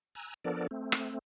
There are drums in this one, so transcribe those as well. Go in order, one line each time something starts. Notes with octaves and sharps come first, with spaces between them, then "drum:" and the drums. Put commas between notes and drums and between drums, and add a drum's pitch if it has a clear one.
G#5 A#5 E6 F#6
F3 B3 D4 A4 A#4 D5
A3 C4
drum: rim click